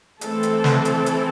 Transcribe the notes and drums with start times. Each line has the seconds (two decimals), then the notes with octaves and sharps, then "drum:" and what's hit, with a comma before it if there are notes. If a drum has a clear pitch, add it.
0.21 E3 A3 C4 A4, drum: hi-hat
0.43 drum: hi-hat
0.64 drum: snare
0.85 drum: hi-hat
1.06 drum: hi-hat